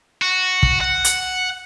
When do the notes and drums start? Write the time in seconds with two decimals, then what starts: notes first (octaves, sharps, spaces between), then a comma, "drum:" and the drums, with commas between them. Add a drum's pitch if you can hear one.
0.22 F#4
0.63 drum: kick
0.81 F#5
1.04 drum: hi-hat